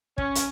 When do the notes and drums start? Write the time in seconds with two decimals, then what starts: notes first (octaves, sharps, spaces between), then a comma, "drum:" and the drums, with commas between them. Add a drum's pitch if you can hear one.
0.18 C#4, drum: kick
0.35 drum: hi-hat